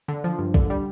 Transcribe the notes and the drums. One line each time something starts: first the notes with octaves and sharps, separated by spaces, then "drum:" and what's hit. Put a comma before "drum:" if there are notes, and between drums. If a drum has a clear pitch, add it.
D3
F3
G2
D3, drum: kick
G3